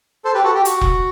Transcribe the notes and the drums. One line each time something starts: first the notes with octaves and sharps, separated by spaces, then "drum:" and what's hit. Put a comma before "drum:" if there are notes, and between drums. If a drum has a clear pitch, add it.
A4 C5
G4 B4
F#4 A4
G4
F#4, drum: hi-hat
drum: kick E1